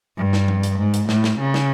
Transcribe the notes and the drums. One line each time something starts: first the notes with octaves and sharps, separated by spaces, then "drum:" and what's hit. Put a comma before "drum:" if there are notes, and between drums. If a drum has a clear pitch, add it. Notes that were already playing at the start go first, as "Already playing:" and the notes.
G2
drum: snare
drum: tom F3
drum: hi-hat
G#2
drum: hi-hat
A2, drum: snare
drum: snare
C#3
drum: snare